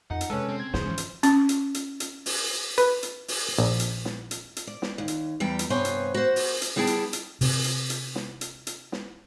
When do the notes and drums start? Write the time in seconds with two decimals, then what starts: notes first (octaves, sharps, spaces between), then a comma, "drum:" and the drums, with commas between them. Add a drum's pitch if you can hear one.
0.11 F2 D#4 F#5
0.21 drum: hi-hat
0.30 C3 G#3 C#4 A4 B4
0.49 C4
0.60 G#6
0.74 G#2 C#3 F3 G#4 C5, drum: snare
0.86 E3 F3 C#4
0.98 drum: hi-hat
1.23 C#4, drum: hi-hat
1.49 drum: hi-hat
1.74 drum: hi-hat
2.00 drum: hi-hat
2.26 drum: open hi-hat
2.78 B4, drum: hi-hat
3.03 drum: hi-hat
3.28 drum: open hi-hat
3.58 A#1
3.80 drum: hi-hat
4.05 drum: snare
4.31 drum: hi-hat
4.56 drum: hi-hat
4.67 D5
4.82 drum: snare
4.98 D#2
5.08 drum: hi-hat
5.40 E2 G3 G5
5.59 drum: hi-hat
5.70 G2 C3 B3 C5 C#5 G#5
5.85 drum: hi-hat
6.14 F#4 C5
6.36 drum: open hi-hat
6.62 drum: hi-hat
6.76 G3 B3 E4 G#4 G5 A5
6.87 drum: hi-hat
7.13 drum: hi-hat
7.41 C3 C4, drum: open hi-hat
7.64 drum: hi-hat
7.90 drum: hi-hat
8.15 drum: snare
8.41 drum: hi-hat
8.67 drum: hi-hat
8.92 drum: snare